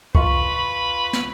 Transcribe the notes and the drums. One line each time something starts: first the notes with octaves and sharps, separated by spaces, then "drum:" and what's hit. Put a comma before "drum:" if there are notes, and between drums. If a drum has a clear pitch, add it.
F4 B4 A5 B5 C#6, drum: kick C2
drum: snare